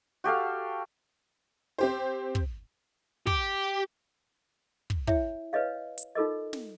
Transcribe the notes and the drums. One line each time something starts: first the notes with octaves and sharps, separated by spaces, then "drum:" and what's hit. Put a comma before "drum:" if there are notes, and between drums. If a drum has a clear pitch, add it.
F#4 G4 A4 F5
C4 G4 C5
drum: kick
G4, drum: kick
drum: kick
E4 C#5 E5 G5, drum: kick
B4 C#5 D#5 F5
drum: hi-hat
D#4 F4 A4 A#4 D#5
drum: snare